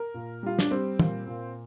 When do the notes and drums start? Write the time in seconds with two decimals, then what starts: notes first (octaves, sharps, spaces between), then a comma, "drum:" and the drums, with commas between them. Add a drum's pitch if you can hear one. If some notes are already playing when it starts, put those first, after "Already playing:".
Already playing: A#4
0.14 A#2
0.43 G3 F4
0.59 D4, drum: snare
0.71 G3 C4
1.00 A#2, drum: tom
1.27 A#2